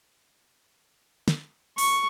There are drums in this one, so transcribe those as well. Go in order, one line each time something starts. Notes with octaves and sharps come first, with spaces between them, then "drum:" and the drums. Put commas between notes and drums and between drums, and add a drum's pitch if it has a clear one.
drum: snare
C#6, drum: open hi-hat